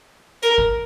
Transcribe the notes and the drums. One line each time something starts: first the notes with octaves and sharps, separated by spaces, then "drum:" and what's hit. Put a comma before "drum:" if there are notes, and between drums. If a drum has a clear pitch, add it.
A#4, drum: hi-hat
drum: kick